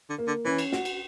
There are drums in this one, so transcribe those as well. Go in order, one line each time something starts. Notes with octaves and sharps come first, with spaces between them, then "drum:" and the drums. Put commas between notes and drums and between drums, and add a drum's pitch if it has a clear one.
D3
A#3
D3
E3 C#4
drum: cymbal
F#4, drum: snare
drum: cymbal